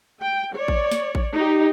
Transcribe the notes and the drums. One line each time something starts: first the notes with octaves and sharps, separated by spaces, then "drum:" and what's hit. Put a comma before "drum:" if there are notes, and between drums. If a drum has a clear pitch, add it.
G5
C#5 D5
drum: kick A1
drum: snare
drum: kick A1
D#4 G4